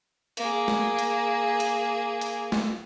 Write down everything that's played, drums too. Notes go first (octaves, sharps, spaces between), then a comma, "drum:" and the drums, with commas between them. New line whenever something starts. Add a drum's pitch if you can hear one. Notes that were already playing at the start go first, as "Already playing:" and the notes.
A#3 G#4, drum: hi-hat
drum: snare
drum: hi-hat
drum: hi-hat
drum: hi-hat
drum: snare